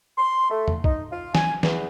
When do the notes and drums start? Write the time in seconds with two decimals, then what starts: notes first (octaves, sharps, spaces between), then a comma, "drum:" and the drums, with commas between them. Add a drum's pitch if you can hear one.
0.18 C6
0.50 A3
0.68 drum: tom E2
0.84 D#4, drum: kick
1.11 F4
1.35 G#5, drum: snare
1.63 E2, drum: snare